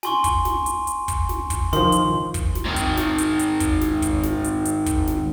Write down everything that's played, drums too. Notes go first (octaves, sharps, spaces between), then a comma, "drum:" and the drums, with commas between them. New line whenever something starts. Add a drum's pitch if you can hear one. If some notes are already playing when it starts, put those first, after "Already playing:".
G#5 C6 C#6, drum: snare
drum: kick, hi-hat
drum: snare
drum: hi-hat
drum: hi-hat
drum: kick, hi-hat
drum: snare
drum: kick, hi-hat
D#3 F3 C6, drum: snare
drum: hi-hat
drum: kick, hi-hat
drum: snare
G#2 D#3
drum: kick, hi-hat
drum: snare
drum: hi-hat
drum: hi-hat
drum: kick, hi-hat
drum: snare
drum: kick, hi-hat
drum: snare
drum: hi-hat
drum: hi-hat
drum: kick, hi-hat
drum: snare